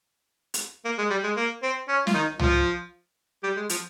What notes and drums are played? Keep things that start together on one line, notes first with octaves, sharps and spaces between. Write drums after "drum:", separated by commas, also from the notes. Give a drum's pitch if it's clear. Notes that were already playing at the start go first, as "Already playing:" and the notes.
drum: hi-hat
A#3
G#3
G3
G#3
A#3
C4
C#4
F4, drum: snare
D#3 D#4
F3 F4, drum: tom
G3 G4
G#3
F3, drum: hi-hat